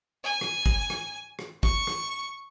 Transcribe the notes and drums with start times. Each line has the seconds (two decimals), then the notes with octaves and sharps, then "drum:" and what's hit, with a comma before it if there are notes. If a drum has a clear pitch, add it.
0.24 G#5
0.41 drum: rim click
0.66 drum: kick
0.90 drum: rim click
1.39 drum: rim click
1.63 C#6, drum: kick
1.87 drum: rim click